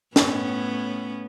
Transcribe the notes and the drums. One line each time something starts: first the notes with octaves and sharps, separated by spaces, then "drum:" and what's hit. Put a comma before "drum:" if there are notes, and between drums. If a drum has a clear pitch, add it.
A2 B3 C#4, drum: snare